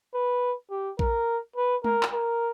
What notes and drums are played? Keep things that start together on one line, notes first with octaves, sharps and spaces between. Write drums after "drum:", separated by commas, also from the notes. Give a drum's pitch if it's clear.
B4
G4
A#4, drum: kick A#1
B4
A#4, drum: tom G#3
drum: clap
A#4